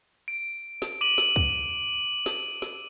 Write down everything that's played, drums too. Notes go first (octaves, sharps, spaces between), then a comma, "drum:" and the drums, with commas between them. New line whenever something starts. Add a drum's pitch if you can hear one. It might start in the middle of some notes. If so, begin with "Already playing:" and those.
D7
drum: snare
D6 D#7 F#7
drum: snare
drum: kick
drum: snare
drum: snare